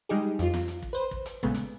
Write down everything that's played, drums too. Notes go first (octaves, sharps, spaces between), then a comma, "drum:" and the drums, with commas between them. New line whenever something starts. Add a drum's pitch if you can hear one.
G3 G#3 D#4 G4 G#4
F2 F4, drum: hi-hat
drum: snare
drum: hi-hat
drum: kick
B4 C5
drum: kick
drum: hi-hat
A#2 C#3 G#3 A3 B3, drum: kick
drum: hi-hat